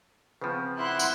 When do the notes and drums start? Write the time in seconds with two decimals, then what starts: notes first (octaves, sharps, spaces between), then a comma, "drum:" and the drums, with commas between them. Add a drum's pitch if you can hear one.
0.41 C#3 F3 B3 C4
0.79 E4 F#5 C6 F#6
0.99 drum: tambourine